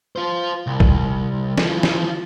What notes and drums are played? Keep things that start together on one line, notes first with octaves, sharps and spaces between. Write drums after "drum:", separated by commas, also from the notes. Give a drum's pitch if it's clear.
F4 C5
C2
drum: kick
E3 F3, drum: snare
drum: snare